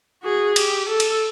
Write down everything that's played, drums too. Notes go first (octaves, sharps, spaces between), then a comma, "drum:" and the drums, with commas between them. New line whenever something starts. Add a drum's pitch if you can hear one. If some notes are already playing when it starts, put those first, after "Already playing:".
F#4 G#4
G4, drum: cymbal
A4
drum: cymbal